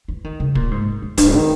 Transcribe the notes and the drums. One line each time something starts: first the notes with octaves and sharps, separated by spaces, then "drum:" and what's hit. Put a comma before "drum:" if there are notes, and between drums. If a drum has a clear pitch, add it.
E3
D#3
C#3
A#2, drum: kick
G#2
E2
G2, drum: kick, hi-hat
D#3